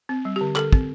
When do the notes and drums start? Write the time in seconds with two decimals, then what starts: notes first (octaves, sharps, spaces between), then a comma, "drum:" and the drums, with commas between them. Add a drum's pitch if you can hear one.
0.09 C4
0.25 G3
0.36 G4
0.41 D3
0.56 D3 A4, drum: clap
0.73 C4, drum: kick